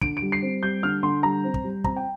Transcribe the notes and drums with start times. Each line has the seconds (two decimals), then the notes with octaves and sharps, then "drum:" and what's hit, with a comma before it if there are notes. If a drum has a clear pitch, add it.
0.01 D3 D7, drum: kick
0.17 D7
0.22 G3
0.32 C7
0.42 C4
0.63 G3 G6
0.83 D3 F6
1.03 D3 C6
1.23 G3 A#5
1.44 C4
1.54 drum: kick
1.64 G3
1.84 C4 A#5, drum: kick
1.96 G5